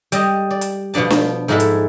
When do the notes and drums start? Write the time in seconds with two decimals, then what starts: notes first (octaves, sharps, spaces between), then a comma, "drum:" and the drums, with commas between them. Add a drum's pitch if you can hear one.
0.12 G3 D#5, drum: hi-hat
0.50 D5
0.61 drum: hi-hat
0.94 B2 F3 B3 D4 A5
1.10 drum: snare D4
1.48 G#2 F3 G#3 E4 A4 E5
1.60 drum: hi-hat